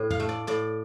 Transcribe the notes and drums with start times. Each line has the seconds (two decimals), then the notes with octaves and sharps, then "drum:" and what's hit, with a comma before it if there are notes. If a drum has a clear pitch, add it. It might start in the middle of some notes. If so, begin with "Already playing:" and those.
Already playing: A2
0.11 F5, drum: tom F2
0.20 A3
0.29 D5
0.47 A2 D5